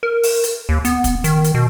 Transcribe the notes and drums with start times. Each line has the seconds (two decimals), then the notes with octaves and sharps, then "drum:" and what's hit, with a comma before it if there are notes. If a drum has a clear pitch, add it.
0.03 A#4
0.23 drum: open hi-hat
0.44 drum: hi-hat
0.69 D#2
0.85 B3, drum: hi-hat
1.04 drum: kick, hi-hat
1.24 D#3, drum: hi-hat
1.44 drum: hi-hat
1.54 B2